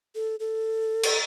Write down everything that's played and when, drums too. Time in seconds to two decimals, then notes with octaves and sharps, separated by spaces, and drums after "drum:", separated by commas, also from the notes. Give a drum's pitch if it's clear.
0.15 A4
0.40 A4
1.03 drum: cymbal